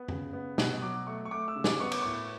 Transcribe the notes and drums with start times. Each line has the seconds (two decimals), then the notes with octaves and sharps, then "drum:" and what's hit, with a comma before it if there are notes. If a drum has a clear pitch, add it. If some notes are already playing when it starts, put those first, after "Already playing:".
Already playing: B3
0.08 C#3, drum: tom
0.33 B3
0.58 B2, drum: snare
0.82 F#3 D6
1.07 A3 C#6
1.25 C#6
1.31 A3 D6
1.48 E6
1.56 C#3
1.64 D6, drum: snare
1.80 B3 C#6
1.91 D6, drum: cymbal
2.02 A2 C#6